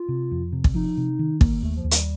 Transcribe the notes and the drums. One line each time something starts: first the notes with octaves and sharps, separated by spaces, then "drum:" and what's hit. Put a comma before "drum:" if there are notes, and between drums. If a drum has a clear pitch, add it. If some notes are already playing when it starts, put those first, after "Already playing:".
Already playing: F4
C3
F2
C3
drum: kick
F3 D#4
C3
D#3
A#3, drum: kick
D#2 A3
F3
D#2
G3, drum: hi-hat